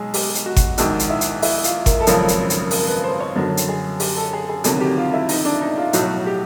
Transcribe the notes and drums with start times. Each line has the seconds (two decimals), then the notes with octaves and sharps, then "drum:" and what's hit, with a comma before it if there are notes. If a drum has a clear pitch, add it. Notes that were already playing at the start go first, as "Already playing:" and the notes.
Already playing: B1 G#3 G#4
0.14 G4, drum: open hi-hat
0.35 drum: hi-hat
0.46 F#4
0.56 drum: kick G1, hi-hat
0.78 A#1 G#2 D#3 F#4, drum: hi-hat
0.99 drum: hi-hat
1.10 E4
1.21 drum: hi-hat
1.42 E4, drum: open hi-hat
1.64 F4, drum: hi-hat
1.86 A#4, drum: kick G1, hi-hat
2.00 A4
2.07 G#1 F#2 C#3 F3 A#4, drum: hi-hat
2.28 drum: hi-hat
2.50 drum: hi-hat
2.71 A#4, drum: open hi-hat
2.87 B4
3.04 C5
3.20 C#5
3.36 F#2 D3 F#3
3.57 drum: hi-hat
3.69 G#4
4.00 G4, drum: open hi-hat
4.17 A4
4.33 G#4
4.49 G#4
4.64 D2 C3 D#3 F#3 A4, drum: hi-hat
4.81 G4
4.97 F4
5.13 E4
5.29 D#4, drum: open hi-hat
5.45 D4
5.61 D#4
5.77 F4
5.93 B1 A2 F#3 F#4, drum: hi-hat
6.26 G4